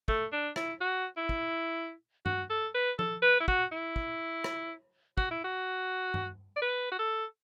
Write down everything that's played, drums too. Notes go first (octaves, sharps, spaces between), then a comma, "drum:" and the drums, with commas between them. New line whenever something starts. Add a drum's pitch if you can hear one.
A3, drum: kick
D4
E4, drum: rim click
F#4
E4
drum: kick
F#4, drum: tom G2
A4
B4
A4, drum: tom F3
B4
E4
F#4, drum: kick
E4
drum: kick
drum: rim click
F#4, drum: kick
E4
F#4
drum: tom G2
D5
B4
F#4
A4